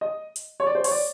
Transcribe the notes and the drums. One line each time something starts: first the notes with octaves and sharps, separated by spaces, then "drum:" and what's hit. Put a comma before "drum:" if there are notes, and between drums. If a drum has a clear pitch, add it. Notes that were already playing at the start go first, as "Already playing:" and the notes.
D#5
drum: hi-hat
C#5
D5
C5
C#5, drum: open hi-hat
D5